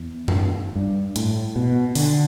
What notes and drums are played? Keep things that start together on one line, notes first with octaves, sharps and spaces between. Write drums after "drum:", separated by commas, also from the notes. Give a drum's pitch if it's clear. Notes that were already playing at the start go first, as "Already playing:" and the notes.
Already playing: E2
drum: tom F#2
G2
A2, drum: hi-hat
B2
D3, drum: open hi-hat